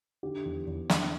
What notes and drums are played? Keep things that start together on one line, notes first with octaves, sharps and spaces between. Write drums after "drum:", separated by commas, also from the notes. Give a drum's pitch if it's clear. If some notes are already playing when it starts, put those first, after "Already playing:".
D3 G4
E2
E2
D3, drum: snare